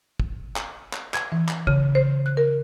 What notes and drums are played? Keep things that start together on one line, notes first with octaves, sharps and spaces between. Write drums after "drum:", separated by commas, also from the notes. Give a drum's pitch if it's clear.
drum: kick
drum: clap
drum: clap
G#6, drum: clap
E3
drum: clap
C#3, drum: kick
C5
F#6
A#4